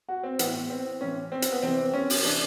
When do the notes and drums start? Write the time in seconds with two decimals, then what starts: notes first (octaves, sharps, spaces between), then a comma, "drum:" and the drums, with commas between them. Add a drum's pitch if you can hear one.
0.09 F#4
0.23 C4
0.39 A2 E3 B3, drum: hi-hat
0.70 C4
1.01 A2 E3 C#4
1.32 C4
1.42 drum: hi-hat
1.52 B3
1.63 E2 C3 E3 C4
1.93 C#4
2.10 drum: open hi-hat
2.24 C3 E3 D4